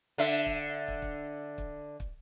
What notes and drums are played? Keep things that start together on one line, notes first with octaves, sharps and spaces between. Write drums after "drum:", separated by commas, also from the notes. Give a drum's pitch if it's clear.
D3 E5
drum: kick
drum: kick
drum: kick
drum: kick
drum: kick